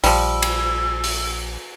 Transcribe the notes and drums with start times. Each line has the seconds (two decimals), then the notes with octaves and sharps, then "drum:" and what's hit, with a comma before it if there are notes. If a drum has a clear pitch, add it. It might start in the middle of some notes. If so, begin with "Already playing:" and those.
0.04 A#1 F3 G3 E6, drum: open hi-hat
0.42 drum: cymbal
1.04 drum: open hi-hat